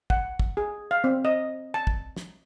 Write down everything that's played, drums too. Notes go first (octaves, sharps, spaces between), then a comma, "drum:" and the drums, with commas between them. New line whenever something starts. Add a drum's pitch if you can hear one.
F#5, drum: kick
drum: kick
G#4
F5
C4
D#5
A5
drum: kick
drum: snare